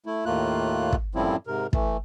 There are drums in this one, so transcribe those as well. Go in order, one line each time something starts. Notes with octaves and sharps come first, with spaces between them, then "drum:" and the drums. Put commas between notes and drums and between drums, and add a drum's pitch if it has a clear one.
A3 E4
D#2 A2 A3 A#3 F4 F#6
drum: kick
F#2 A2 F3 G3 C4 E4
G#2 C3 A#4
E3 A3, drum: kick